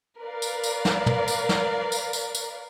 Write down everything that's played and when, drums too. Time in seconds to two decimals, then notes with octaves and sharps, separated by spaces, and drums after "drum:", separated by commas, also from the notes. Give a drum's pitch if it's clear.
0.21 A#4 B4 D5 F5
0.42 drum: tambourine
0.63 drum: tambourine
0.85 drum: snare
1.06 drum: tom
1.28 drum: tambourine
1.49 drum: snare
1.92 drum: tambourine
2.13 drum: tambourine
2.35 drum: tambourine